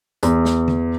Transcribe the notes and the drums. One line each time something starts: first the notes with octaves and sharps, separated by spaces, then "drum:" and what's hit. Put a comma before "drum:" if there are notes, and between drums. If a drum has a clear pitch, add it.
E2, drum: hi-hat
drum: snare
drum: tom D3